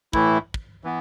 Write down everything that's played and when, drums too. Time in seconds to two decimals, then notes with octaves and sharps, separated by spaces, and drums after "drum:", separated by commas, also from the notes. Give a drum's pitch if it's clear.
0.13 A2 E3 A3 E4, drum: kick
0.54 drum: kick
0.84 E3 B3